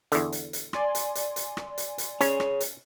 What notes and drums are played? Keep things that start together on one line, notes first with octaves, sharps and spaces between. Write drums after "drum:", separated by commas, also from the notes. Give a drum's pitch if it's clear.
E2 D3, drum: hi-hat
drum: hi-hat
drum: hi-hat
D5 G#5 C6, drum: rim click
drum: hi-hat
drum: hi-hat
drum: hi-hat
drum: rim click
drum: hi-hat
drum: hi-hat
C#4 G#4 C#5, drum: hi-hat
drum: rim click
drum: hi-hat